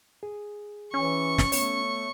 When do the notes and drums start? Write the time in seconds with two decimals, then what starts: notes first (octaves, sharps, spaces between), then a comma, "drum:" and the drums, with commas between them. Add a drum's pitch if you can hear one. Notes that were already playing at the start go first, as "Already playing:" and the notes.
0.23 G#4
0.94 E3 C#4 C#6
1.38 drum: snare
1.52 A3 B3 C#5, drum: open hi-hat